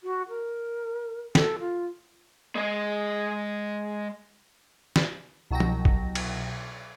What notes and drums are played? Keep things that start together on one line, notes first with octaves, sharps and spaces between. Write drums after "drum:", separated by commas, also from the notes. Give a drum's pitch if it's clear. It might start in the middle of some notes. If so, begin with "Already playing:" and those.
F#4
A#4
A4, drum: snare
F4
G#3 D#5
drum: snare
C2 B2 F#3 F#5 G5 A#6
drum: tom
drum: kick A1
drum: cymbal